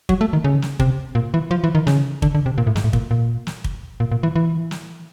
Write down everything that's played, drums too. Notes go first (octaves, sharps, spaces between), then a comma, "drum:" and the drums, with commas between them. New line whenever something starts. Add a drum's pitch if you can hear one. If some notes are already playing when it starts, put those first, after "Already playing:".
F#3, drum: kick
A3
D#3
C#3
drum: snare
C3, drum: kick
A#2
E3
F3
E3
D#3
C#3, drum: snare
D3, drum: kick
D3
C3
A#2
A2
G#2, drum: snare
A2
A#2, drum: kick
A#2
drum: snare
drum: kick
A#2
A#2
E3
E3
drum: snare